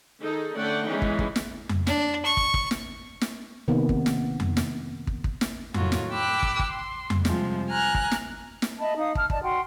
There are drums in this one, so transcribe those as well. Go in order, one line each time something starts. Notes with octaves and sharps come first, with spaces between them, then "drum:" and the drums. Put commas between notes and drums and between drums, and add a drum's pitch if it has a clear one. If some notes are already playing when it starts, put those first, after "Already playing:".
D#3 D#4 G#4 A4
D3 A3 C#4 D5 F#5 G5
E3 G#3 B3 C#4 D#4
drum: kick
drum: kick
drum: snare
drum: tom F2
D4, drum: snare
C#6
drum: kick
drum: kick
drum: snare
drum: snare
C3 D#3 A#3 B3
drum: kick
drum: snare
drum: tom F2
drum: snare
drum: kick
drum: kick
drum: snare
A2 D#3 F#3 F4 F#4, drum: tom F2
drum: snare
G5 B5 D6 E6 F#6
drum: kick
drum: kick
C6
drum: tom F2
C3 F3 G3 G#3, drum: snare
G#5 A#5 F6 F#6
drum: kick
drum: snare
drum: snare
D#5 E5 A5 B5
D#4 F5 D#6
A5 F6, drum: kick
D5 D#5 A5, drum: kick
F#4 F#5 G5 C6